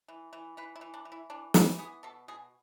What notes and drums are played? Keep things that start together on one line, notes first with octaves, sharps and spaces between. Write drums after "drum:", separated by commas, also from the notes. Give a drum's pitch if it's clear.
E3
E3
E3 B4
E4
E3
D4
E3
E4
E3 D4
E3 E4, drum: snare
B3 G#4
B2 A4
B2 G#4